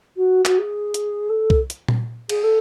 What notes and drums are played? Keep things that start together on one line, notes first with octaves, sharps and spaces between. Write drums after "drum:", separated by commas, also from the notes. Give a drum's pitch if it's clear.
F#4
F#4, drum: clap
G#4
drum: hi-hat
A4
drum: kick C2
drum: hi-hat
drum: tom A#2
G#4, drum: cymbal
A4